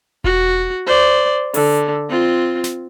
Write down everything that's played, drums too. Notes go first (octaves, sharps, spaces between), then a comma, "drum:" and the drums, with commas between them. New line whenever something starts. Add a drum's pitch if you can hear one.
F#4, drum: kick E1
C5 D5
D3, drum: open hi-hat
C4 F4
drum: snare